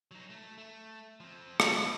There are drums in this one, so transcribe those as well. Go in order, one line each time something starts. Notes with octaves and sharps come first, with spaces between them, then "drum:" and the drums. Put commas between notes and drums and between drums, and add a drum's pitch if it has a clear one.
F#3 D#4
A3
A3
F3 C4
G#3 C5, drum: rim click
B4